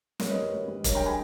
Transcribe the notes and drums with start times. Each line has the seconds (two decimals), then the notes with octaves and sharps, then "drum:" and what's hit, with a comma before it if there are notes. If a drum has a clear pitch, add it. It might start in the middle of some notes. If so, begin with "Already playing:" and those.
0.20 G3 A#4 C#5, drum: snare
0.30 B4 D#5
0.35 G3
0.42 A#4 C#5
0.52 G#1
0.68 G3
0.84 G2 A#4 C#5, drum: kick E1, hi-hat
0.95 G5 A#5
1.06 G#5 B5